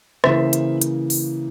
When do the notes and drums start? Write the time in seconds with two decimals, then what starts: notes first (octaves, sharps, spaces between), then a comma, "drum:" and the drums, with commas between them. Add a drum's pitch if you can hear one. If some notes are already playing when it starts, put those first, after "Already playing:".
0.24 C#3 E3 A#3 C5 E5, drum: rim click
0.53 drum: hi-hat
0.81 drum: hi-hat
1.10 drum: open hi-hat